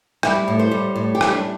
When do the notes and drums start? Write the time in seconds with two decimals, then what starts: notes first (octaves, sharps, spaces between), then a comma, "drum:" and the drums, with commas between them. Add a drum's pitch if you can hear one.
0.23 G3 E4, drum: rim click
0.48 A2
0.59 C5
0.71 G3
0.95 A2
1.15 G4
1.21 G3, drum: rim click
1.32 D4